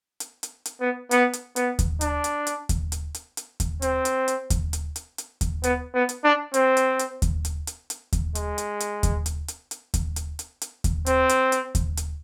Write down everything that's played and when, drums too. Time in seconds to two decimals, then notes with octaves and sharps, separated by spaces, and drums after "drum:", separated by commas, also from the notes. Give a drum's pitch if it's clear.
0.20 drum: hi-hat
0.43 drum: hi-hat
0.66 drum: hi-hat
0.81 B3
1.11 B3, drum: hi-hat
1.33 drum: hi-hat
1.56 B3, drum: hi-hat
1.79 drum: kick D#2, hi-hat
2.01 D4, drum: hi-hat
2.24 drum: hi-hat
2.47 drum: hi-hat
2.69 drum: kick D#2, hi-hat
2.92 drum: hi-hat
3.15 drum: hi-hat
3.37 drum: hi-hat
3.60 drum: kick D#2, hi-hat
3.82 C4, drum: hi-hat
4.05 drum: hi-hat
4.28 drum: hi-hat
4.50 drum: kick D#2, hi-hat
4.73 drum: hi-hat
4.96 drum: hi-hat
5.18 drum: hi-hat
5.41 drum: kick D#2, hi-hat
5.64 B3, drum: hi-hat
5.94 B3
6.09 drum: hi-hat
6.24 D4
6.54 C4, drum: hi-hat
6.77 drum: hi-hat
6.99 drum: hi-hat
7.22 drum: kick D#2, hi-hat
7.45 drum: hi-hat
7.67 drum: hi-hat
7.90 drum: hi-hat
8.13 drum: kick D#2, hi-hat
8.35 G#3, drum: hi-hat
8.58 drum: hi-hat
8.80 drum: hi-hat
9.03 drum: kick D#2, hi-hat
9.26 drum: hi-hat
9.48 drum: hi-hat
9.71 drum: hi-hat
9.94 drum: kick D#2, hi-hat
10.16 drum: hi-hat
10.39 drum: hi-hat
10.62 drum: hi-hat
10.84 drum: kick D#2, hi-hat
11.06 C4, drum: hi-hat
11.29 drum: hi-hat
11.52 drum: hi-hat
11.75 drum: kick D#2, hi-hat
11.97 drum: hi-hat